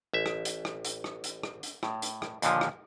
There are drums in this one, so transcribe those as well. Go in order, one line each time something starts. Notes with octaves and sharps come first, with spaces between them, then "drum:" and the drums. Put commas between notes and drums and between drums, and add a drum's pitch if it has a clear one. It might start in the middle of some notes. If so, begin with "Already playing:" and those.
A1 E5
drum: rim click
drum: hi-hat
drum: rim click
drum: hi-hat
drum: rim click
drum: hi-hat
drum: rim click
drum: hi-hat
A2, drum: rim click
drum: hi-hat
drum: rim click
D#2 A#2 D3 F3, drum: hi-hat
drum: rim click